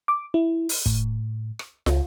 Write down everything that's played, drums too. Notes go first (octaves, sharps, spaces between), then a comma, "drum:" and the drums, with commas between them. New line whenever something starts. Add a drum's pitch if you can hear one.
D6
E4
drum: open hi-hat
A2, drum: kick
drum: rim click
C#2, drum: snare